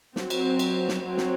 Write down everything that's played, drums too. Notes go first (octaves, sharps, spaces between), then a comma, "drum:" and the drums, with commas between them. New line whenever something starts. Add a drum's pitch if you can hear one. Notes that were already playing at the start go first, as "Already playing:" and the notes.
F#3 C4, drum: snare
drum: cymbal
drum: cymbal
drum: snare
F#3 C4
drum: snare